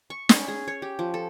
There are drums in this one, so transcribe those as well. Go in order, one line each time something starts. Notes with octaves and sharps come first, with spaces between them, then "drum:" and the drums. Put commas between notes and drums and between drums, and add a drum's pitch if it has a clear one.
C#6
C#4, drum: snare
G#4
C#5
G4
F3
A4